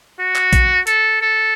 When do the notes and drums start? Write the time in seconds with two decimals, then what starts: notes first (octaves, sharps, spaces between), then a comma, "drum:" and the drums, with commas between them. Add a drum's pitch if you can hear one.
0.19 F#4
0.36 drum: clap
0.53 drum: kick A#1, hi-hat
0.87 A4, drum: hi-hat
1.21 A4